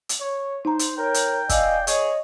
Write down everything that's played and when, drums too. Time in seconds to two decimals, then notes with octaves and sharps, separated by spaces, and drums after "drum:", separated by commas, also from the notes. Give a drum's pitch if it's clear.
0.09 drum: hi-hat
0.21 C#5
0.65 D#4 C5 A#5
0.79 drum: hi-hat
0.98 A#4 C#5 G5
1.14 drum: hi-hat
1.49 D5 D#5 F5 G#5 E6, drum: kick, hi-hat
1.87 G#4 C#5 D#5, drum: hi-hat